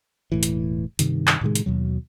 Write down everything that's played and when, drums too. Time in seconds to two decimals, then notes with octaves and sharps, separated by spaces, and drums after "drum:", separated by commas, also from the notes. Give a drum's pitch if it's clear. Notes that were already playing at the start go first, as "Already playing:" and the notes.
0.32 E1 A2 E3
0.43 drum: hi-hat
0.99 G2 C3 D#3, drum: hi-hat
1.27 drum: clap
1.41 A2 C3 D#3 G#3
1.55 drum: hi-hat
1.66 D#2 B2 F#3